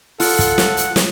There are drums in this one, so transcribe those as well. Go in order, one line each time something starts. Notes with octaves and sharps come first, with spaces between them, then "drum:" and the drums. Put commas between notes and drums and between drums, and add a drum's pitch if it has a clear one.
F4 A4 F#5, drum: open hi-hat
drum: kick, hi-hat
drum: snare
drum: hi-hat
drum: snare